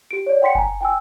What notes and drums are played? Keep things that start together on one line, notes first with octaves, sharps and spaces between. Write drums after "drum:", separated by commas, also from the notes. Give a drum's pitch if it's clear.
G4 D7
C#5 D5
F#5 G5 C6 B6 C#7
G#5 A#5, drum: kick F#1
G5 G#5 E6